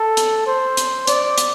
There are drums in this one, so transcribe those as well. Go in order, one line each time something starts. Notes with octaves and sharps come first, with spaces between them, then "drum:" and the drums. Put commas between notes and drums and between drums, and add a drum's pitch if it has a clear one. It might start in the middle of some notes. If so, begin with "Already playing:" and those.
Already playing: A4
drum: hi-hat
C5
drum: hi-hat
D5, drum: hi-hat
drum: hi-hat